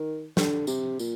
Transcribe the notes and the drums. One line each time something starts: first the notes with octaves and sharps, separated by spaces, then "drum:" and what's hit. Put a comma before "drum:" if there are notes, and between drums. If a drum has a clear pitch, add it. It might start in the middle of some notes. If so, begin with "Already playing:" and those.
Already playing: D#3
D3, drum: snare
C3, drum: tambourine
A#2, drum: tambourine